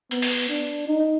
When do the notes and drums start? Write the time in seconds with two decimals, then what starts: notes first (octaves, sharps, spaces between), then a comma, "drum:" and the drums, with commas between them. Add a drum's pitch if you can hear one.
0.11 B3, drum: hi-hat
0.22 drum: open hi-hat
0.49 D4
0.88 D#4